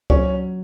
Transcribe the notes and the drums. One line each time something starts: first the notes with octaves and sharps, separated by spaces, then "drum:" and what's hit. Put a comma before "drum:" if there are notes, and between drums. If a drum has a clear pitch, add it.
F#3 C#4, drum: kick C#2